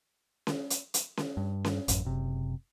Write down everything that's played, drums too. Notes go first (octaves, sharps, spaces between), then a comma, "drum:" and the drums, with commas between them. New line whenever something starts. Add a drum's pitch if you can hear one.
drum: snare C#4
drum: hi-hat
drum: hi-hat
drum: snare C#4
G2
drum: snare C#4
A1 F#2, drum: hi-hat
F#1 C3